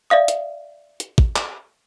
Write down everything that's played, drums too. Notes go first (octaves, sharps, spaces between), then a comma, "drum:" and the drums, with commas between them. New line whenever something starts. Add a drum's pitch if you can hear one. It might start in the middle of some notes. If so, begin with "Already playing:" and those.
D5 E5 F5 D#6
drum: hi-hat
drum: hi-hat
drum: kick
drum: clap